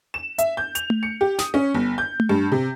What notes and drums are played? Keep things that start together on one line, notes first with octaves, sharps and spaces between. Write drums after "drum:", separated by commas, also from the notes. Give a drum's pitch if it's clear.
E7
E5, drum: hi-hat
G6
F7, drum: hi-hat
drum: tom A3
C#7
G4
D#6, drum: snare
C#4
G1
G6
drum: tom A3
G2
C3